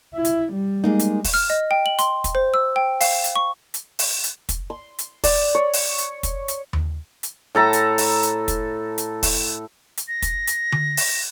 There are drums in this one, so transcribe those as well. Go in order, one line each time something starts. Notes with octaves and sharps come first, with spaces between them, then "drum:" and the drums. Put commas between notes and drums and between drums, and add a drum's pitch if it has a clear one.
E4
drum: hi-hat
G3
G#3 A#3 D#4
drum: hi-hat
drum: kick, open hi-hat
F6
D#5
G5
F#7
C6, drum: hi-hat
drum: kick, hi-hat
C5
E6
G5
F5, drum: open hi-hat
drum: hi-hat
C#6
drum: hi-hat
drum: open hi-hat
drum: hi-hat
drum: kick, hi-hat
C6
drum: hi-hat
D5, drum: kick, open hi-hat
C#5
drum: open hi-hat
drum: hi-hat
drum: kick, hi-hat
drum: hi-hat
drum: tom D#2
drum: hi-hat
A2 A4 A#5
drum: hi-hat
drum: open hi-hat
drum: hi-hat
drum: kick, hi-hat
drum: hi-hat
drum: kick, open hi-hat
drum: hi-hat
A#6
drum: kick, hi-hat
drum: hi-hat
drum: tom D3
drum: open hi-hat